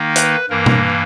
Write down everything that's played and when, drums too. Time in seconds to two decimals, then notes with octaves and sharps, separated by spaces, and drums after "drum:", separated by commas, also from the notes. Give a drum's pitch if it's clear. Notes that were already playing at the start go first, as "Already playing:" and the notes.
Already playing: D#3 A#3 D#4
0.16 B4, drum: hi-hat
0.49 G2 E3 A#3 A#4
0.66 drum: tom B2